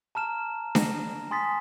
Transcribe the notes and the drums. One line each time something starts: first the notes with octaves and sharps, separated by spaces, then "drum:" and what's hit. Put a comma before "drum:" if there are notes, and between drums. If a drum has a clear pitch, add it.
A5 A#5 F6 E7
A#6, drum: snare D4
G#5 C6 D#6 A6 B6